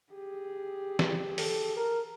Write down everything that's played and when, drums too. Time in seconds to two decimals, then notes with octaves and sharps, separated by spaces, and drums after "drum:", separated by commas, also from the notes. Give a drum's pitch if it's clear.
0.13 G4 G#4
0.99 drum: snare
1.38 A4, drum: open hi-hat
1.77 A#4